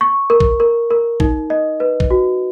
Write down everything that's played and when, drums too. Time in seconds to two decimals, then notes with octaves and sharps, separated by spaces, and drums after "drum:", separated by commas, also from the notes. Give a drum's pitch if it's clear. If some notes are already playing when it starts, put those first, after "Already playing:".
0.01 C#6
0.30 A#4
0.40 drum: kick A#1
0.60 A#4
0.90 A#4
1.20 D#4, drum: kick A#1
1.50 D#5
1.80 B4
2.00 drum: kick A#1
2.10 F#4